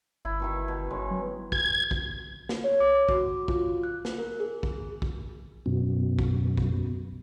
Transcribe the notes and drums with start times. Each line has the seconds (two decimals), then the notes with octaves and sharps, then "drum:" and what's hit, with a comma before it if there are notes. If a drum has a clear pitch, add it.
0.25 G1 E4
0.40 B2 D#3 E4
0.68 B2
0.90 D#3 G#3 C#4
1.11 F#3
1.52 G#6, drum: kick
1.91 drum: kick
2.49 drum: snare
2.64 C#5
2.80 D6
3.09 F#4, drum: kick
3.48 F4, drum: kick
3.83 F#6
4.05 drum: snare
4.18 A#4
4.40 G#4
4.63 drum: kick
5.02 drum: kick
5.66 F#2 B2
6.19 drum: kick
6.57 drum: kick